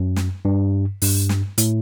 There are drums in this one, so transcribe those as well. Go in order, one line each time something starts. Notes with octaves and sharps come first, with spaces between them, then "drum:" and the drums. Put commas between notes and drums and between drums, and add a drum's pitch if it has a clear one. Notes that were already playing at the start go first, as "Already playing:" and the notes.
Already playing: F#2
drum: snare
G2
G2, drum: open hi-hat
drum: snare
A2, drum: hi-hat